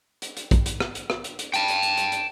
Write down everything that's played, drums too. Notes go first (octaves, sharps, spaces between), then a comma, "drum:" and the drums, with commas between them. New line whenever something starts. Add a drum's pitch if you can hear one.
drum: hi-hat
drum: hi-hat
drum: kick A#1, hi-hat
drum: hi-hat
drum: rim click
drum: hi-hat
drum: rim click
drum: hi-hat
drum: hi-hat
G5 A5, drum: hi-hat
drum: hi-hat
drum: hi-hat
drum: hi-hat
drum: hi-hat